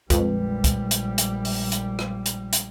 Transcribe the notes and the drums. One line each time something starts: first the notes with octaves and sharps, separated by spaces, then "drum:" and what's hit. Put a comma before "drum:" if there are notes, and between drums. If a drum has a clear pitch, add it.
A#1 F2 G3 G#3 B4, drum: kick, hi-hat
drum: kick, hi-hat
drum: hi-hat
drum: hi-hat
drum: open hi-hat
drum: hi-hat
drum: rim click
drum: hi-hat
drum: hi-hat